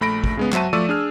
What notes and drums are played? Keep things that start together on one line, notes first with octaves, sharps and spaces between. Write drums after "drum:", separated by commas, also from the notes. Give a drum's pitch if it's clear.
A#1 A3 B5 A#6 D7
drum: kick
C#3 G#3 B3
F#3 F#4 C5 E5 A5 D#7, drum: clap
F3 A3 D5 C#6 E6 D#7
D4 G#4 F6